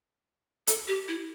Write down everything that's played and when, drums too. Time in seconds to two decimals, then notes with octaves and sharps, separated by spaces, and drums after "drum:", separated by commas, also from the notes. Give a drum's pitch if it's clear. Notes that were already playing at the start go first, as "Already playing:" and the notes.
0.67 A4, drum: hi-hat
0.88 G4
1.08 E4